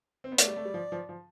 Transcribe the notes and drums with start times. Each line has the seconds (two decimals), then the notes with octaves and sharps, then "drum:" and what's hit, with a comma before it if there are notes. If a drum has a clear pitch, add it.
0.24 C4
0.32 B3
0.38 A3 D5, drum: hi-hat
0.48 G3
0.57 A3
0.65 G3
0.74 F3
0.92 F3
1.09 F3